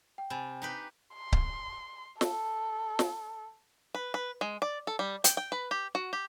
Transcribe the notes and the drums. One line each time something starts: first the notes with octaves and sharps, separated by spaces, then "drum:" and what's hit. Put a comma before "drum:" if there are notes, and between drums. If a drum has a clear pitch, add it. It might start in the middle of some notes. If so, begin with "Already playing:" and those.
G5
C3 G#5 B5 A6
D#4 G4 B4
C6
drum: kick C#1
A4, drum: snare
drum: snare
B4
B4
G#3
D5
A4
G3
G5, drum: hi-hat
G5
B4
G4
F#4
G4